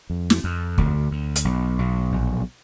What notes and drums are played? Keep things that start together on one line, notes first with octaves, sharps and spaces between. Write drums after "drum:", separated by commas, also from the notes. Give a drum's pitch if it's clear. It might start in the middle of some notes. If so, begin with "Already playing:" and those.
F2
drum: snare
F2
D2, drum: kick
D2
drum: hi-hat
B1
B1
A#1